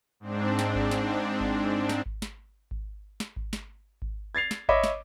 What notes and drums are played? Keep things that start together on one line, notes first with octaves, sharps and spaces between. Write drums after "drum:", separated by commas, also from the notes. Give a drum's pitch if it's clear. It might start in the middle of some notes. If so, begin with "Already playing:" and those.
G#2 C4 D4
drum: snare
drum: kick G#1
drum: snare
drum: kick G#1
drum: snare
drum: kick G#1
drum: snare
drum: kick G#1
drum: snare
drum: kick G#1
drum: snare
drum: kick G#1
G#6 A6 C7 F7
drum: snare
C#5 D#5 E5 B5 D6, drum: kick G#1
drum: snare